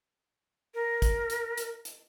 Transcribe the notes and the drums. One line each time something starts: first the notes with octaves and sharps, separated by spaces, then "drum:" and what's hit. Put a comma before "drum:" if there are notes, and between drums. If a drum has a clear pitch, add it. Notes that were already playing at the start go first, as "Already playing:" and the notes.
A#4
drum: kick, hi-hat
drum: hi-hat
drum: hi-hat
drum: hi-hat